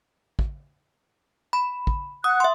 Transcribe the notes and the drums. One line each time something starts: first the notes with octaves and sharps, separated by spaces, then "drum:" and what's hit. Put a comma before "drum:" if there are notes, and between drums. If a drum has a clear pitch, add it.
drum: kick
B5
drum: kick
F#5 D#6 F#6
E5 C6